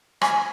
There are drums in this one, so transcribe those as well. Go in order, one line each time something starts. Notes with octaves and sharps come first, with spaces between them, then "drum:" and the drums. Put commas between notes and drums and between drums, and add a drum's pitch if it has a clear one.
G#5, drum: rim click